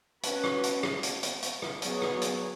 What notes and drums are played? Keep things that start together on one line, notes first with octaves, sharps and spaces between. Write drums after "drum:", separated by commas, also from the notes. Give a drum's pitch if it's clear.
C#4 F#4 B4, drum: hi-hat
drum: rim click
drum: hi-hat
drum: rim click
drum: hi-hat
drum: hi-hat
drum: hi-hat
drum: rim click
F#3 B3 G#4 C#5, drum: hi-hat
drum: rim click
drum: hi-hat